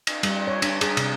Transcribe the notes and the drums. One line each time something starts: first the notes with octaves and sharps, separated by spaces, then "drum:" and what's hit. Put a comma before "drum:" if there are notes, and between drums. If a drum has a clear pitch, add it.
drum: cymbal
G3, drum: cymbal
C#5
D4, drum: cymbal
G#4, drum: cymbal
C3, drum: cymbal